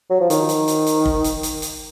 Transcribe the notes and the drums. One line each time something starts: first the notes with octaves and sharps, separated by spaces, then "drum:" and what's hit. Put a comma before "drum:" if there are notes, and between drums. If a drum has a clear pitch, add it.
F#3
F3
D#3, drum: hi-hat
drum: hi-hat
drum: hi-hat
drum: hi-hat
drum: kick
drum: hi-hat
drum: hi-hat
drum: hi-hat